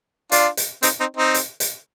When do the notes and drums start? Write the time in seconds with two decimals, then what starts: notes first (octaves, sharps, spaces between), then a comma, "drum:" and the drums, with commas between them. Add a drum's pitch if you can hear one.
0.32 D4 F4, drum: hi-hat
0.57 drum: hi-hat
0.83 C4 D#4, drum: hi-hat
1.00 C4 D#4
1.17 C4 D#4
1.34 drum: hi-hat
1.60 drum: hi-hat